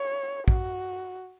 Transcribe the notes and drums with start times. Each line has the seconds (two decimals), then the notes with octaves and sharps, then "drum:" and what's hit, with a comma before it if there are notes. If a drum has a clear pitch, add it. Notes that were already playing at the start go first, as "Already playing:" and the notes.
Already playing: C#5
0.48 F#4, drum: kick